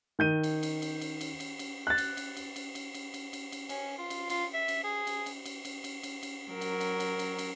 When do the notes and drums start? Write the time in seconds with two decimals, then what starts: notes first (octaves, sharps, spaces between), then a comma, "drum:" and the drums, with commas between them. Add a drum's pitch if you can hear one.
0.19 D#3 G6 D#7
0.43 drum: cymbal
0.63 drum: cymbal
0.82 drum: cymbal
1.01 drum: cymbal
1.21 drum: cymbal
1.40 drum: cymbal
1.59 drum: cymbal
1.87 F#6 A6
1.98 drum: cymbal
2.17 drum: cymbal
2.37 drum: cymbal
2.56 drum: cymbal
2.75 drum: cymbal
2.94 drum: cymbal
3.14 drum: cymbal
3.33 drum: cymbal
3.52 drum: cymbal
3.69 C#4, drum: cymbal
3.98 F4
4.10 drum: cymbal
4.30 F4, drum: cymbal
4.54 E5
4.68 drum: cymbal
4.84 G#4
5.07 drum: cymbal
5.26 drum: cymbal
5.45 drum: cymbal
5.65 drum: cymbal
5.84 drum: cymbal
6.03 drum: cymbal
6.23 drum: cymbal
6.51 F#3 A#4
6.61 drum: cymbal
6.81 drum: cymbal
7.00 drum: cymbal
7.19 drum: cymbal
7.39 drum: cymbal